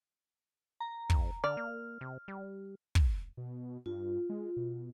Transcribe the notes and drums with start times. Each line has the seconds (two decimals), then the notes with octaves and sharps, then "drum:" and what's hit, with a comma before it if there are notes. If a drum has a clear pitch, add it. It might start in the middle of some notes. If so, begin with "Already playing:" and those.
0.80 A#5
1.10 F2, drum: kick
1.44 D3 D5 F6
1.57 A#3
2.01 C3
2.28 G3
2.95 drum: kick
3.37 B2
3.86 G2 F4
4.30 G#3
4.57 B2